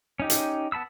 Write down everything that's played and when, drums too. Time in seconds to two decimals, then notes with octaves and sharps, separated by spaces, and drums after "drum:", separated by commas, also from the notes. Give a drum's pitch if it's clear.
0.20 C#4 D#4 G4
0.30 drum: hi-hat
0.72 B3 A5 B5 E6